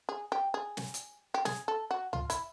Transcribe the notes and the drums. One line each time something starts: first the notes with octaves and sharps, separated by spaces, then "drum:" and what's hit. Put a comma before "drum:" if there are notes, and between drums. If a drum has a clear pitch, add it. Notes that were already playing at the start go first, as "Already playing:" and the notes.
G#4
G4
G#4
drum: snare
drum: hi-hat
G4
G#4, drum: snare
A4
F#4
F4, drum: tom C#2
E4, drum: hi-hat